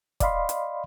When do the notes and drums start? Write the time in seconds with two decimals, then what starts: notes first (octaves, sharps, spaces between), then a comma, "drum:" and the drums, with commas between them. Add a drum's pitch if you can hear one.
0.20 D5 D#5 F5 B5 C6, drum: kick, hi-hat
0.49 drum: hi-hat